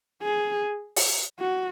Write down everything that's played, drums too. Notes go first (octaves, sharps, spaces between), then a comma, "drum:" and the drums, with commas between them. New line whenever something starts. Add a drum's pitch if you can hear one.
G#4
drum: open hi-hat
F#4